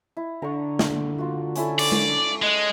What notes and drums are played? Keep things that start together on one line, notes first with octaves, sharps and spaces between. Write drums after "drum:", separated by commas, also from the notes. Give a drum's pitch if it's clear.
E4
D3 A#5 C#6
drum: snare
F4 F#4
C#4 E4 A4, drum: hi-hat
D5, drum: cymbal
drum: tom G#3
G#3 D#5 F#6